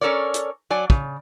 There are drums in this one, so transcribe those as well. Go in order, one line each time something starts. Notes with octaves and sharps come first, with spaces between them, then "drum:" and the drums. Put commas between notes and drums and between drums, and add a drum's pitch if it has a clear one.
C#4 A4 A#4 C#5 D5
drum: hi-hat
F#3 D5 G#5
C#3, drum: kick